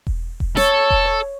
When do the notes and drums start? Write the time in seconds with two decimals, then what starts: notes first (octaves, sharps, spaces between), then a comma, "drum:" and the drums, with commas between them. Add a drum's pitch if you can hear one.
0.07 drum: kick E1
0.40 drum: kick E1
0.57 A4 C#5, drum: snare
0.90 drum: kick E1